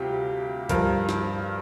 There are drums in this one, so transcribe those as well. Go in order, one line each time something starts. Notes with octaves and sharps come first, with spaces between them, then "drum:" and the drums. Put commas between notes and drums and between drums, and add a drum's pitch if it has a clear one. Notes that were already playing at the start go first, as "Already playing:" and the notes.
Already playing: D2 C3 G3 F4 G4
G2 F3 A#4, drum: kick, hi-hat
drum: snare